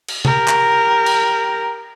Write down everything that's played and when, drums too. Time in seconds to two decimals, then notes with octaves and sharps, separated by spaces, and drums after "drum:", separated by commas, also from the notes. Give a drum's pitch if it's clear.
0.08 drum: cymbal
0.25 G4 A#4, drum: tom C3
0.48 drum: clap
1.06 drum: cymbal